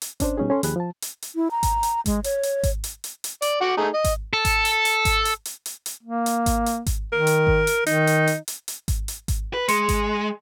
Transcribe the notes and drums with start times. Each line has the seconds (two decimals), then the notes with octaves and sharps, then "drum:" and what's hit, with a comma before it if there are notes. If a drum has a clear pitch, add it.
0.02 drum: hi-hat
0.20 C#4 D4 C5, drum: kick G#1, hi-hat
0.37 B2 G3 C#4 D#4 G#4
0.50 C#4 A4 C6
0.63 D#2 F3 G4 G#4 B5 F#6, drum: hi-hat
0.76 F3 A5
1.02 drum: hi-hat
1.22 drum: hi-hat
1.35 E4
1.51 A#5
1.63 drum: kick G#1, hi-hat
1.83 drum: hi-hat
2.06 G#3, drum: kick G#1, hi-hat
2.24 C#5, drum: hi-hat
2.43 drum: hi-hat
2.63 drum: kick G#1, hi-hat
2.84 drum: hi-hat
3.04 drum: hi-hat
3.24 drum: hi-hat
3.42 D5, drum: hi-hat
3.61 F#4 F#5 D6
3.77 A3 D#4 G#4
3.94 D#5
4.04 drum: kick G#1, hi-hat
4.33 A4
4.45 drum: kick G#1, hi-hat
4.65 drum: hi-hat
4.85 drum: hi-hat
5.05 drum: kick G#1, hi-hat
5.25 drum: hi-hat
5.45 drum: hi-hat
5.66 drum: hi-hat
5.86 drum: hi-hat
6.03 A#3
6.26 drum: hi-hat
6.46 drum: kick G#1, hi-hat
6.66 drum: hi-hat
6.86 drum: kick G#1, hi-hat
7.12 D#3 A#4
7.27 drum: hi-hat
7.47 drum: kick G#1
7.67 drum: hi-hat
7.87 D#3 D#4, drum: hi-hat
8.07 drum: hi-hat
8.27 drum: hi-hat
8.48 drum: hi-hat
8.68 drum: hi-hat
8.88 drum: kick G#1, hi-hat
9.08 drum: hi-hat
9.28 drum: kick G#1, hi-hat
9.54 B4
9.68 G#3 C6 C#7, drum: hi-hat
9.89 drum: kick G#1, hi-hat